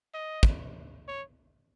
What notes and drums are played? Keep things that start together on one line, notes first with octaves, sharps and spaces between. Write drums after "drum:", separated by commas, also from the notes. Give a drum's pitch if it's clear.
D#5
drum: kick
C#5